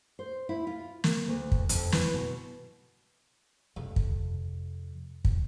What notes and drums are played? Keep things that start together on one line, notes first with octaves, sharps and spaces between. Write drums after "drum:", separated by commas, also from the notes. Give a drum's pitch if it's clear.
C5
E4
F4
A#3, drum: snare
D2
drum: kick
F2, drum: hi-hat
E3, drum: snare
B2
F2 C3
drum: kick
drum: kick